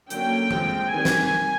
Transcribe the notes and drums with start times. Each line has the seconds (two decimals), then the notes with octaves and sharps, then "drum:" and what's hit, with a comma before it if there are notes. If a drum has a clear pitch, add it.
0.10 D3 F#3 A#3 C#4 G5, drum: hi-hat
0.51 F3 G#3 C4, drum: tom E3
0.91 D#3 G3 C4 G#5
1.05 drum: snare